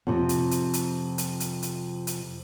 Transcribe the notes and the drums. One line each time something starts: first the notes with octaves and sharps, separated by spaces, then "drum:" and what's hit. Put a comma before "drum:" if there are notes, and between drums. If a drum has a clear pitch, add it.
F2 C3
drum: hi-hat
drum: hi-hat
drum: hi-hat
drum: hi-hat
drum: hi-hat
drum: hi-hat
drum: hi-hat